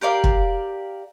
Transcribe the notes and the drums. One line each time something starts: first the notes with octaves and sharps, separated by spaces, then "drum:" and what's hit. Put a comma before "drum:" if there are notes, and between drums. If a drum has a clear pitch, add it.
G4 A#4 D5 F5
drum: kick